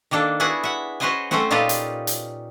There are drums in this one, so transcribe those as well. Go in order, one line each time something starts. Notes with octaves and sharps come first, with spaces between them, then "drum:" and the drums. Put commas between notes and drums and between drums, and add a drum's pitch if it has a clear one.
D#3 A#3 D4 A4
B3 E4 F#4 G#4 F#5
E5 F#5
C#4 F#4 B4 C5 D#5 G#5
A3 C4 C#4 C5 F#5, drum: snare
A#2 D#4 F4 G4 A4 B4
drum: hi-hat
drum: hi-hat